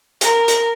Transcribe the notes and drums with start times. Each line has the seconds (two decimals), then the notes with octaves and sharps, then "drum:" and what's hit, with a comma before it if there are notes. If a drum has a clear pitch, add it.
0.21 A#4, drum: hi-hat
0.48 drum: hi-hat